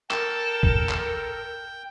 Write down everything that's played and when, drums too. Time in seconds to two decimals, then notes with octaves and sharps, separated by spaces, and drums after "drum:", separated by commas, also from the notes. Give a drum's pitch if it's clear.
0.11 A4 A#4 G5, drum: clap
0.63 drum: kick
0.89 drum: clap